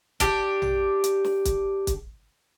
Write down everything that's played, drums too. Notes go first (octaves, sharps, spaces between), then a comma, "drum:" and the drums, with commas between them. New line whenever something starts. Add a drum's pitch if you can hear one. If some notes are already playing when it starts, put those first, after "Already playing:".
D4 G4, drum: kick, hi-hat
drum: tom A#1
drum: hi-hat
drum: snare
drum: kick, hi-hat
drum: kick, hi-hat